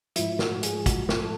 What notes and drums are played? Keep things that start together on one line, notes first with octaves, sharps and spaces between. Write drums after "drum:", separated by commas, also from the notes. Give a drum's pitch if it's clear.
G#2 F3 E4, drum: hi-hat
F#4, drum: snare
G#4, drum: hi-hat
F#4, drum: kick, hi-hat
A4, drum: snare